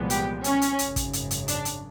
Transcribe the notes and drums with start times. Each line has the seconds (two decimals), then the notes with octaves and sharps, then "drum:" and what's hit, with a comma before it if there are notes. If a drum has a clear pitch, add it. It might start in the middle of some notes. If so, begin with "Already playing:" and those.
Already playing: C2 A#2 F3 G#3 B3
0.10 G4, drum: hi-hat
0.44 C#4, drum: hi-hat
0.62 drum: hi-hat
0.79 G#1 F#2 C#3, drum: hi-hat
0.96 drum: kick, hi-hat
1.13 drum: hi-hat
1.31 drum: hi-hat
1.48 D4, drum: hi-hat
1.65 drum: hi-hat